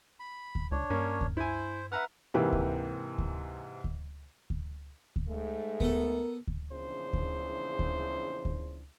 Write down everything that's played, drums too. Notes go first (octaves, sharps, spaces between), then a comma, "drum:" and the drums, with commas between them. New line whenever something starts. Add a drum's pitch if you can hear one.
B5
drum: kick D2
C#2 D4 C#5
G2 A#3 C#4
drum: kick D2
E4 C5 G#5
B4 E5 F#5 A#5 F6
G#2 C3 E3 A#3 G4 B4
drum: kick D2
drum: kick D2
drum: kick D2
drum: kick D2
drum: kick D2
G#2 G#3 A3
B3 A4 A#4, drum: kick D2
drum: kick D2
A#1 E2 C#3 D4 E4 C5
drum: kick D2
drum: kick D2
drum: kick D2